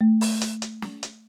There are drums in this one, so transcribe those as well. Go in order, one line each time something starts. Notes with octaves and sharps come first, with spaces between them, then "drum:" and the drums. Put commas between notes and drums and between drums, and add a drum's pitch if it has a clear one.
A3
drum: open hi-hat
drum: hi-hat
drum: hi-hat
drum: snare
drum: hi-hat